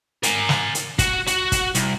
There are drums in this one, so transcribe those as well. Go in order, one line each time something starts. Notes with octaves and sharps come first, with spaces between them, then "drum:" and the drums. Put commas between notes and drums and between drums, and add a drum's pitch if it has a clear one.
A#4 G#5, drum: hi-hat
drum: snare
drum: hi-hat
F#4, drum: kick, hi-hat
F#4, drum: hi-hat
drum: kick, hi-hat
C2, drum: hi-hat